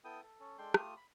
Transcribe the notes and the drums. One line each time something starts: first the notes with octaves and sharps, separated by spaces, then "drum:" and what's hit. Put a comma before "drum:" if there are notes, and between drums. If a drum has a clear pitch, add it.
B3 E4 A4 G5 D#6
A4
C#4 A4
G#3 D4 A4 G5 C6
A3 F4 G4 D#6, drum: rim click
B5